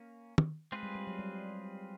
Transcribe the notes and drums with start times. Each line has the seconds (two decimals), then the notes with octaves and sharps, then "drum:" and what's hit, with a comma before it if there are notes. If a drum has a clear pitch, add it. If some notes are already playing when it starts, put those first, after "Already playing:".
Already playing: A#3 C#4
0.38 drum: tom
0.72 G#3 C4 F4 G#4 B4
0.83 G3
0.95 G3
1.07 F#3
1.19 G3